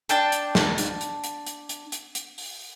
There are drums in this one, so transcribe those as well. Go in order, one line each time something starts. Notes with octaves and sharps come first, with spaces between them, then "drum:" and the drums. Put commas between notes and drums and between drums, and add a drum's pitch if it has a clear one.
D4 G5 A5, drum: hi-hat
drum: hi-hat
drum: snare
drum: hi-hat
drum: hi-hat
drum: hi-hat
drum: hi-hat
drum: hi-hat
drum: hi-hat
drum: hi-hat
drum: open hi-hat